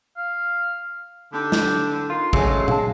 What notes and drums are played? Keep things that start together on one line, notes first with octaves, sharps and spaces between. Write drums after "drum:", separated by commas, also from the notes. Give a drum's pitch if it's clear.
F5
D3 D4 D#4 G4
drum: snare
D#4 F4 A#4 C6
C#3 F#3 G#3 A3 C#4 C#5, drum: kick
F5 A5, drum: tom A#2